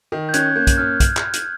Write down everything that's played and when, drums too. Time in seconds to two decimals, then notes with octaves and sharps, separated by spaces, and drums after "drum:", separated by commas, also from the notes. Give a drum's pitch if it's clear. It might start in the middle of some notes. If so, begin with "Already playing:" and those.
0.12 D#3
0.29 G6
0.34 C#4 F#6 G#6, drum: hi-hat
0.56 A#3 G6
0.67 drum: kick, hi-hat
0.78 C#4 F6
1.00 drum: kick, hi-hat
1.17 drum: clap
1.33 drum: hi-hat